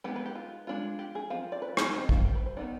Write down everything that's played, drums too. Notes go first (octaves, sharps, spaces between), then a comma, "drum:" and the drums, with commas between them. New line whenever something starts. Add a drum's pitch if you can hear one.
G#3 B3 D#4 G4
B4
G4
F4
G#3 D4 F4
G4
G#4
F3 C4 F4 F5
D5
B4
G#4, drum: rim click
D#3 G3 C4 D#4 F4
F4, drum: kick
G4
B4
C5
D#3 B3 D#4 D5